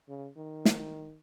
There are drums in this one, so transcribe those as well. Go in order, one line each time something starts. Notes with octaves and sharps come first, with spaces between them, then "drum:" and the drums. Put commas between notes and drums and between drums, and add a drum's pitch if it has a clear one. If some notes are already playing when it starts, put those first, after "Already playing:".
C#3
D#3
drum: snare